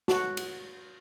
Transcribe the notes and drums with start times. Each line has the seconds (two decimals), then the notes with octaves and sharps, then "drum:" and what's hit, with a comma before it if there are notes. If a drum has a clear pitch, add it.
0.08 F#4, drum: snare
0.37 drum: cymbal